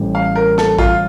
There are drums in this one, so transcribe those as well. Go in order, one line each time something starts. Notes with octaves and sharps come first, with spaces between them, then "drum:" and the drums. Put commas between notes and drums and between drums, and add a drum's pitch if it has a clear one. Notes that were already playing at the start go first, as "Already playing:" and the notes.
Already playing: A1 A2 G3 C4
F5
A#4
A4, drum: snare
F4, drum: kick A1